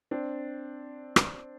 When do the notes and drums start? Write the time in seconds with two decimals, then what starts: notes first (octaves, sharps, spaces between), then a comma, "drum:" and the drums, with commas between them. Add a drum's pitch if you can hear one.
0.11 C4 D4
1.16 drum: rim click